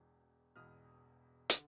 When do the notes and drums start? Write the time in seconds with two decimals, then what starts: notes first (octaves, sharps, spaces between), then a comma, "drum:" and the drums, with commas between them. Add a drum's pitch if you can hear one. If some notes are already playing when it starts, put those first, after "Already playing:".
Already playing: E1 E2 B2
0.56 E1 E2 B2 D#6 F6
1.50 D3, drum: hi-hat